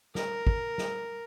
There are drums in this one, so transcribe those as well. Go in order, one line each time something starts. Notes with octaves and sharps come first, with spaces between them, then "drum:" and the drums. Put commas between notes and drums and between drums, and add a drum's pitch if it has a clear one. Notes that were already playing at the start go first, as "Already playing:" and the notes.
A#4, drum: snare
drum: kick
drum: snare